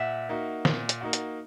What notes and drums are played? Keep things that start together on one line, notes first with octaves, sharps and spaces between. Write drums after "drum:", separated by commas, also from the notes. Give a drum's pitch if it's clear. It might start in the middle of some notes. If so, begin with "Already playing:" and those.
Already playing: A#2 E5 F#5
A#3 D#4 F#4
A#2, drum: snare
drum: hi-hat
A#3 D#4 F#4
drum: hi-hat